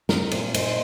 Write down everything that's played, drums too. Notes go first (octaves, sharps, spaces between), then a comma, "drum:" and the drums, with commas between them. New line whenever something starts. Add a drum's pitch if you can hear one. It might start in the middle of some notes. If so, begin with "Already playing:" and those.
C4 A#4, drum: snare
A#2 C5, drum: cymbal
D#4 C5, drum: cymbal